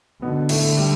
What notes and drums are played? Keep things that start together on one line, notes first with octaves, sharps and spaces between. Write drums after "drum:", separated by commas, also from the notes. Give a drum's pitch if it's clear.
B2 D3 B3
A2 A3, drum: cymbal
G3